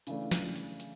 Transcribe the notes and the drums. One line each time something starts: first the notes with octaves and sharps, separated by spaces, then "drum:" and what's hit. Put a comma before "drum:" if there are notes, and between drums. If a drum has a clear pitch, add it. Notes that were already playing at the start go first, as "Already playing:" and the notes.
C#3 E3 A3 D4, drum: hi-hat
drum: snare
drum: hi-hat
drum: hi-hat